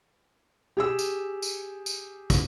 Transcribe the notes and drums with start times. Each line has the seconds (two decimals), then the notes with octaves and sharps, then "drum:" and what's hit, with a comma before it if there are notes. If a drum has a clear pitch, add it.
0.77 G4 G#4 E6
0.99 drum: tambourine
1.42 drum: tambourine
1.86 drum: tambourine
2.30 drum: kick, tambourine